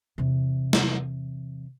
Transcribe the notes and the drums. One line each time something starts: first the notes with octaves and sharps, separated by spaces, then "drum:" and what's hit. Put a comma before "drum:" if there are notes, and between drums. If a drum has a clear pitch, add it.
E2 C3
drum: snare